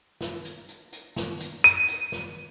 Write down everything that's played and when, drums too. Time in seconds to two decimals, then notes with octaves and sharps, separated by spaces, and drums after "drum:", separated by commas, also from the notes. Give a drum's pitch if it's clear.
0.21 drum: snare
0.45 drum: hi-hat
0.69 drum: hi-hat
0.92 drum: hi-hat
1.16 drum: snare
1.40 drum: hi-hat
1.64 D#7, drum: hi-hat
1.88 drum: hi-hat
2.12 drum: snare